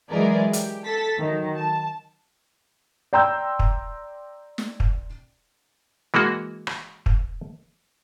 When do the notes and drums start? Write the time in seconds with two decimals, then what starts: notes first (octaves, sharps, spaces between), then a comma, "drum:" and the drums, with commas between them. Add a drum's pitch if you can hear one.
0.11 E3 F#3 G#3 G#4 A#4 D5
0.53 G4, drum: hi-hat
0.85 A4 A6 B6
1.18 D#3 F#3
1.55 A5
3.13 D5 G5 A#5 C6 E6 G6
3.59 drum: kick
4.58 drum: snare
4.80 drum: kick
6.14 E3 G#3 A#3 F#4
6.67 drum: rim click
7.06 drum: kick